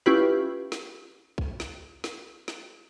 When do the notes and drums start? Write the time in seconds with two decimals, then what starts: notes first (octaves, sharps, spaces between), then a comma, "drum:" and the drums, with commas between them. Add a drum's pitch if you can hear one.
0.06 C#4 E4 F4 G4 B4
0.72 drum: snare
1.38 drum: kick
1.60 drum: snare
2.04 drum: snare
2.48 drum: snare